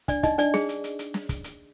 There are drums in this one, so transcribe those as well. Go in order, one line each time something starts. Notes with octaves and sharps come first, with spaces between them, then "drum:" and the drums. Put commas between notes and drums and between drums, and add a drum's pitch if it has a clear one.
D4 D5, drum: kick, hi-hat
D#4 D#5, drum: kick, hi-hat
D4 D5, drum: hi-hat
G#4, drum: snare
drum: hi-hat
drum: hi-hat
drum: hi-hat
drum: snare
drum: kick, hi-hat
drum: hi-hat